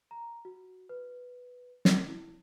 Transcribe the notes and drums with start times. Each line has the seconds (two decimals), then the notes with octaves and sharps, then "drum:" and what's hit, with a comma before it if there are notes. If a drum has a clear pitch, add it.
0.11 A#5
0.45 F#4
0.89 B4
1.85 drum: snare
2.07 E4